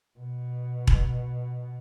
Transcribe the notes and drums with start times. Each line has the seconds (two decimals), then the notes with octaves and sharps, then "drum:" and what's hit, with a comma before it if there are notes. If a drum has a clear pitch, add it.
0.19 B2
0.88 drum: kick E1